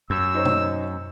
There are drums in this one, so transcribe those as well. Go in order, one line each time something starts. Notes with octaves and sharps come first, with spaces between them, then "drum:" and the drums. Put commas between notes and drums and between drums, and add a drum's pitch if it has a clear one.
F#2 E6
D#4 C5 C#5
drum: tom B2